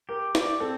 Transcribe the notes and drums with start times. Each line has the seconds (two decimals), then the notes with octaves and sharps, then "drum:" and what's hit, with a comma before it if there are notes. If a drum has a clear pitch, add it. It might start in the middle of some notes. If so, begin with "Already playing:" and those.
0.09 G4 A#4
0.35 D5, drum: snare
0.60 C4 A4